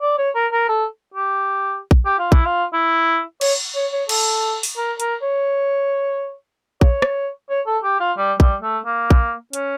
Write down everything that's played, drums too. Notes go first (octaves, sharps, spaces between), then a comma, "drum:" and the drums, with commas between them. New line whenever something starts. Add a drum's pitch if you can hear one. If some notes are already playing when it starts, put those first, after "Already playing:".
D5
C#5
A#4
A#4
A4
G4
drum: kick A#1
G4
F4
E4, drum: kick A#1
F4
E4
C#5, drum: cymbal
C#5
C#5
A4, drum: cymbal
drum: open hi-hat
A#4
A#4, drum: hi-hat
C#5
C#5, drum: kick A#1
drum: rim click
C#5
A4
G4
F4
G3
G3, drum: kick A#1
A3
A#3
drum: kick A#1
C#4, drum: hi-hat